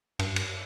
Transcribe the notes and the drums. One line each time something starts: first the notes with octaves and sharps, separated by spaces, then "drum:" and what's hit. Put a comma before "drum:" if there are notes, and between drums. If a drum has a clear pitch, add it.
G2, drum: cymbal
drum: cymbal